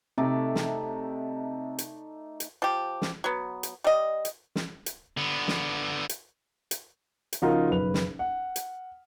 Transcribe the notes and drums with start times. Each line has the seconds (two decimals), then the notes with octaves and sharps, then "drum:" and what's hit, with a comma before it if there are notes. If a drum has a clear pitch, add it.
0.18 C3 A3 D#4 D5
0.55 drum: snare
1.78 drum: hi-hat
2.40 drum: hi-hat
2.62 F3 G4
3.02 drum: snare
3.24 F#3 B3
3.63 drum: hi-hat
3.84 G3 D#5
4.25 drum: hi-hat
4.56 drum: snare
4.86 drum: hi-hat
5.17 D3 B3
5.48 drum: snare
6.09 drum: hi-hat
6.71 drum: hi-hat
7.33 drum: hi-hat
7.42 C#3 F3 D#4 F4 F#4 A#4
7.70 F#1 B1 B4 F7
7.94 drum: snare
8.19 F#5
8.56 drum: hi-hat